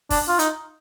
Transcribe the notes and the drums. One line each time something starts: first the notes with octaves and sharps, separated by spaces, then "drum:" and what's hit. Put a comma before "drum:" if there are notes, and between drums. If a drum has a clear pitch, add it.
D4, drum: kick, open hi-hat
F4
D#4, drum: hi-hat